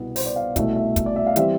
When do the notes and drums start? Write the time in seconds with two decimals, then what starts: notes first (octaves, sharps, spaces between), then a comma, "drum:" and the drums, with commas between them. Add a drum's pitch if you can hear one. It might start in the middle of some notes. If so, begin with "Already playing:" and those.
Already playing: C2 B2 B3
0.16 C5, drum: open hi-hat
0.26 D5
0.36 F5
0.56 C2 B2 A3 E5, drum: kick, hi-hat
0.76 E5
0.96 drum: kick, hi-hat
1.06 D5
1.16 E5
1.27 F5
1.36 E3 G3 C4 E5, drum: hi-hat